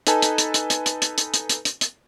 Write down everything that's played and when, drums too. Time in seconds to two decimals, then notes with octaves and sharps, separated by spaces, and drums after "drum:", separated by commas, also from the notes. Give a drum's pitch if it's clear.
0.07 D#4 A4 B4 G#5 A5, drum: hi-hat
0.22 drum: hi-hat
0.38 drum: hi-hat
0.54 drum: hi-hat
0.70 drum: hi-hat
0.86 drum: hi-hat
1.02 drum: hi-hat
1.18 drum: hi-hat
1.34 drum: hi-hat
1.49 drum: hi-hat
1.65 drum: hi-hat
1.81 drum: hi-hat